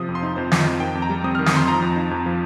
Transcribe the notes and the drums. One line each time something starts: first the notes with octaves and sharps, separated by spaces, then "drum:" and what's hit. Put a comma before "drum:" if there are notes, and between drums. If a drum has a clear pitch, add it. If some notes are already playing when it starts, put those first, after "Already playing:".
Already playing: C3 F3 D#6
F2
C6
D#4
F2 C5
F3, drum: snare
D#5
F2
D#3 G5
F2
A#5
G3
C4 D#6
D#3 F6
D#6, drum: snare
F2 C6
F3 A#5
F2
D#4
F2
F3